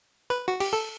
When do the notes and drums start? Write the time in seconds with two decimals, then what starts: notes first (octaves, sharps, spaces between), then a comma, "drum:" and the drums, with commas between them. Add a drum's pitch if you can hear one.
0.30 B4
0.48 F#4
0.60 G4, drum: cymbal
0.73 A4